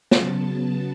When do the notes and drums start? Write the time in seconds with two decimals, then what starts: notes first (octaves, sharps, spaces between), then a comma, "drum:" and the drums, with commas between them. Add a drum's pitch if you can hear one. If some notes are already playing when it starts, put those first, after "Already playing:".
0.11 C#3 F#3 B3 A5, drum: snare